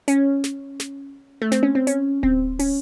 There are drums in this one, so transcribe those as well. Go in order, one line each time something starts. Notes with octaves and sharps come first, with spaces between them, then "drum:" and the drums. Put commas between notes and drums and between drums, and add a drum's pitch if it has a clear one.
C#4, drum: hi-hat
drum: snare
drum: snare
A3
C4, drum: snare
C#4
C4
C#4, drum: hi-hat
C4, drum: kick D1
C#4, drum: open hi-hat